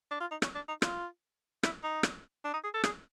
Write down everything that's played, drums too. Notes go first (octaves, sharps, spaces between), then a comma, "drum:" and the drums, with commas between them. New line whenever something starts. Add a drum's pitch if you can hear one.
D4
F4
D#4
C#4, drum: rim click
D4
D#4
F4, drum: rim click
E4, drum: rim click
D#4
drum: rim click
D4
D#4
G#4
A4
G#4, drum: rim click